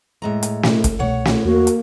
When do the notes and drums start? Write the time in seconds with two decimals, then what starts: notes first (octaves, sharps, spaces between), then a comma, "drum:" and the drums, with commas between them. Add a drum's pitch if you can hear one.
0.22 A2 G#3 A#5
0.43 drum: hi-hat
0.63 drum: snare
0.84 drum: kick, hi-hat
0.99 C2 B2 A3 C#5 F#5
1.25 drum: snare
1.45 E2 A#3 F#4
1.67 drum: hi-hat